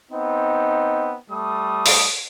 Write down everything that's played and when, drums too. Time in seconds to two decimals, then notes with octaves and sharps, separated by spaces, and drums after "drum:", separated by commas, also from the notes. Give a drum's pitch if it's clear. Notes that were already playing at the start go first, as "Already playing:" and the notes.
0.12 B3 C4 D#4
1.30 G3 A3 D#6
1.86 drum: open hi-hat